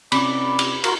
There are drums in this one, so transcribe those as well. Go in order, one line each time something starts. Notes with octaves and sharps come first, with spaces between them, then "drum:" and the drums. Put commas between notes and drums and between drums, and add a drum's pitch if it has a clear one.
C3 C#4 D5 B5 D6, drum: cymbal
drum: cymbal
F4 F#4 A#4, drum: cymbal